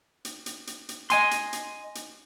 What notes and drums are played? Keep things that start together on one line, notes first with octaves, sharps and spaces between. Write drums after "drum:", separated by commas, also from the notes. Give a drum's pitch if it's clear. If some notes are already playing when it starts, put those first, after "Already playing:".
drum: hi-hat
drum: hi-hat
drum: hi-hat
drum: hi-hat
D#5 G#5 C6, drum: hi-hat
drum: hi-hat
drum: hi-hat
drum: hi-hat